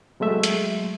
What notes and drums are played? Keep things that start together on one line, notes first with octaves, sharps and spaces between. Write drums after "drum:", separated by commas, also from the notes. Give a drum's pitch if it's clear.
F#3 G#3 A3 E5
drum: hi-hat